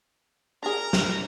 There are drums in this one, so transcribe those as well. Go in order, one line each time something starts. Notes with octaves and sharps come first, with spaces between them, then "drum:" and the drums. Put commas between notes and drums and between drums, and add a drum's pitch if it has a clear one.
D4 G#4 A#4 A#5
drum: snare